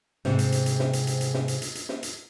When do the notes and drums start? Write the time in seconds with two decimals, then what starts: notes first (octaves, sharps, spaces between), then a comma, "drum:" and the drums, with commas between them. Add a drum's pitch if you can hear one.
0.25 G#2 C3, drum: snare
0.39 drum: hi-hat
0.52 drum: hi-hat
0.66 drum: hi-hat
0.80 drum: snare
0.93 drum: hi-hat
1.07 drum: hi-hat
1.21 drum: hi-hat
1.34 drum: snare
1.48 drum: hi-hat
1.62 drum: hi-hat
1.75 drum: hi-hat
1.89 drum: snare
2.03 drum: hi-hat